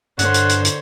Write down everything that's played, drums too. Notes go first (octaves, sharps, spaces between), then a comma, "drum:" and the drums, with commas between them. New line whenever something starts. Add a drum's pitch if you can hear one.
G2 D3 C5 C#5 F#5, drum: hi-hat
drum: hi-hat
drum: hi-hat
drum: hi-hat